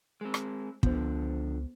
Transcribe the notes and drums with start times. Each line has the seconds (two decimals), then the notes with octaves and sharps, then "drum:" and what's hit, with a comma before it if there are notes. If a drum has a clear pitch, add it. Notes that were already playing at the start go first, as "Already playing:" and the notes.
0.21 G#3 C4
0.34 drum: rim click
0.83 C#2 D3 F3 B3 C5, drum: kick